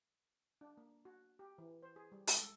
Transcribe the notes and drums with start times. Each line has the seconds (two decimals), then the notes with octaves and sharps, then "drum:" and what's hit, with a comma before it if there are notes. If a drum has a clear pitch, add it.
0.61 D4
0.77 A#3
1.05 F#4
1.39 G4
1.58 E3
1.83 C5
1.96 G#4
2.12 G3
2.27 G#3, drum: open hi-hat
2.40 A4